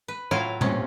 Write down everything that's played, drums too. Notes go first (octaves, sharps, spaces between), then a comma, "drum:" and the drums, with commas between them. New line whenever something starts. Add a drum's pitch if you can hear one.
B4
A2 F#3 E4 F4 F5
C3 C#4, drum: tom A#2